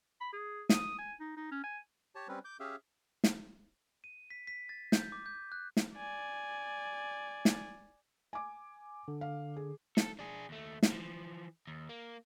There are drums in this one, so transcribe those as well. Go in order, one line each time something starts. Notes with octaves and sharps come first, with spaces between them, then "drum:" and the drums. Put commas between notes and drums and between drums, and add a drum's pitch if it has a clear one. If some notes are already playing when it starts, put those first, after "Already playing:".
B5
G#4
D#6, drum: snare
G#5
D#4
D#4
C#4
G#5
G4 C#5 A5
G3 C4 C#4 B4
D6 G6
C#4 G4 G#4 E5 F5
drum: snare
D#7
B6
B6
A6
G6, drum: snare
D6
G6
F#6
drum: snare
D5 G#5
drum: snare
G#5 D6
D3
F5
G#4
A4, drum: snare
D4 G#4
D#2 A3
drum: snare
E3 F3
D#2
A#3